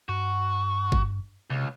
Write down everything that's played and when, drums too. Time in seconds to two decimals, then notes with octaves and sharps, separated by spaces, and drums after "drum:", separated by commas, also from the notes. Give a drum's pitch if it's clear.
0.09 G2 F#4
0.92 drum: kick G1
1.50 C#2 C3